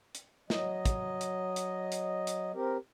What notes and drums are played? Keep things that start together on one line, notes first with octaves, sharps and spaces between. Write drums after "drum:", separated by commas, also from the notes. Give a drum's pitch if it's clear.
drum: hi-hat
F#3 D#5, drum: snare
drum: kick, hi-hat
drum: hi-hat
drum: hi-hat
drum: hi-hat
drum: hi-hat
C4 G4 A#4